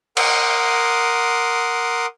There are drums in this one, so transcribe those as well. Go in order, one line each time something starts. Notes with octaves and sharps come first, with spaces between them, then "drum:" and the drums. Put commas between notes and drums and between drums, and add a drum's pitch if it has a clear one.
A#4 F#5 C6 D6 D#6, drum: cymbal